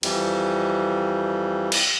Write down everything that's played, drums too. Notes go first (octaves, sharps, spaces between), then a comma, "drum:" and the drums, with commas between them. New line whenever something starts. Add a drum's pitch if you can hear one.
F2 E3 G3, drum: cymbal
drum: cymbal